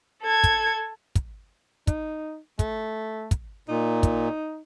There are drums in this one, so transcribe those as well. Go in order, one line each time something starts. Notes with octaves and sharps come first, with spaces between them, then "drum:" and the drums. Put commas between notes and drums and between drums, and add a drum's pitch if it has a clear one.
A4 G#6
drum: kick, hi-hat
drum: kick, hi-hat
D#4, drum: kick, hi-hat
A3, drum: kick, hi-hat
drum: kick, hi-hat
A#2 D#4
drum: kick, hi-hat